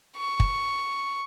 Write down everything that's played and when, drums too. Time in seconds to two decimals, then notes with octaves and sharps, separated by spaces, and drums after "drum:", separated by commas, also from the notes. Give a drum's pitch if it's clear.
0.17 C#6
0.40 drum: kick